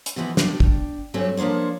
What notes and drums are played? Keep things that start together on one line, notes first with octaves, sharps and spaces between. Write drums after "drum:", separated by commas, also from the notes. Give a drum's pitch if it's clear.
drum: hi-hat
B2 E3 F3 B3 D#4
D4 G5, drum: snare
drum: kick
G2 F#3 A3 C4 C#4 G4
F3 A#3 D4 C5 C#5